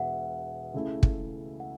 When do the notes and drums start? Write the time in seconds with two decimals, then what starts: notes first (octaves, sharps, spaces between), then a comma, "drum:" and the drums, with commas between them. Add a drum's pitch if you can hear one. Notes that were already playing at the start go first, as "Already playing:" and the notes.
Already playing: E1 B2 E5 F#5
0.73 C#2 C#3 A3 E4
1.03 drum: kick
1.60 F#5